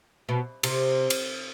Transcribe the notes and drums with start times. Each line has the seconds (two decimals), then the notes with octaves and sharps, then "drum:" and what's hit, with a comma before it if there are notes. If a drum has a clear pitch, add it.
0.29 B2
0.63 C3, drum: cymbal
1.10 drum: cymbal